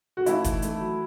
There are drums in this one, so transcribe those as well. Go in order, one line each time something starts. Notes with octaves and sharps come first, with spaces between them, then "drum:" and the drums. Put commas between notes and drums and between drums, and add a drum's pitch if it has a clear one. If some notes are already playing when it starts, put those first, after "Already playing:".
F#4
E3 A3 E4, drum: hi-hat
D#3, drum: kick F#1, hi-hat
A3, drum: hi-hat
F#3